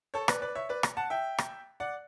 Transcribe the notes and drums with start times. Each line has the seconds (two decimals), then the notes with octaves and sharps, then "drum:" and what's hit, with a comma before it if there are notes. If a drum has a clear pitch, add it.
0.14 A4 C#5
0.28 B4 D5, drum: rim click
0.42 B4 D5
0.55 C#5 E5
0.69 B4 D5
0.83 drum: rim click
0.97 F#5 A5
1.10 E5 G5
1.38 drum: rim click
1.80 D5 F#5